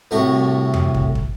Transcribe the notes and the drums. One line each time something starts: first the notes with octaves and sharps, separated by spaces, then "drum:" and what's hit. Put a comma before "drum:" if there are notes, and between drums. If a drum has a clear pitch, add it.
C2 A2 A3 F#4 C#6
drum: tom F2
drum: kick
drum: kick